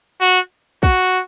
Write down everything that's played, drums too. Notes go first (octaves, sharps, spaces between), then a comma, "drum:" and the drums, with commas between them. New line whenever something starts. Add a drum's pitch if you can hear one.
F#4
F#4, drum: kick